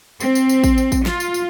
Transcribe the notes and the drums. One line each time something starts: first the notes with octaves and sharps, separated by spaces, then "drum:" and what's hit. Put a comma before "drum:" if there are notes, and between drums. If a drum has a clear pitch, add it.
C4, drum: tambourine
drum: tambourine
drum: tambourine
drum: kick A1, tambourine
drum: tambourine
drum: kick A1, tambourine
F4, drum: snare
drum: tambourine
drum: tambourine